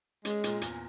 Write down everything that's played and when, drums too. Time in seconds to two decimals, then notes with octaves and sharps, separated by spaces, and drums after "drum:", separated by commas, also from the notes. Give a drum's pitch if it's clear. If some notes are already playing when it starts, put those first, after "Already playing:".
0.25 G#3 C#4, drum: hi-hat
0.44 A#2, drum: hi-hat
0.62 E2, drum: hi-hat